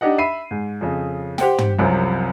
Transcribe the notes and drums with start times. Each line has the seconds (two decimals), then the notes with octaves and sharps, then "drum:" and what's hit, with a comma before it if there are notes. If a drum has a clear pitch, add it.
0.01 D4 D#4 G4 D#5 F#5
0.18 E5 B5 C7 D#7
0.51 G#2
0.81 F2 C#3
1.38 G4 C5 F#5 G5, drum: snare
1.58 drum: tom
1.79 C2 F#2 C3 F3